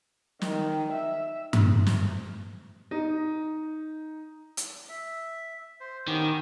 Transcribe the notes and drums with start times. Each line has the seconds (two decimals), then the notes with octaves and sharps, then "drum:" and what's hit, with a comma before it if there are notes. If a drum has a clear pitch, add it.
0.42 D#3, drum: snare
0.92 E5
1.53 drum: tom G2
1.87 drum: snare
2.91 D#4
4.57 drum: hi-hat
4.89 E5
5.80 C5
6.08 D#3 B3 C#4 G4